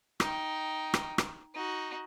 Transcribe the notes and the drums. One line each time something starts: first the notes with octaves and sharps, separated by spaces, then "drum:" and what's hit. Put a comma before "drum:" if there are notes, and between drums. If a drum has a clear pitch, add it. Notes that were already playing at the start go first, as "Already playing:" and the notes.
D#4 G5, drum: rim click
drum: rim click
drum: rim click
D#4 F#4